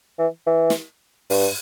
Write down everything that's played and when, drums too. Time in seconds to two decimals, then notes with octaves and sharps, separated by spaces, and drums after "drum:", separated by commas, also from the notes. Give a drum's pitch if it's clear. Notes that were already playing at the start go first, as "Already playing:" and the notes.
0.19 E3
0.47 E3
0.70 drum: snare
1.30 G2, drum: open hi-hat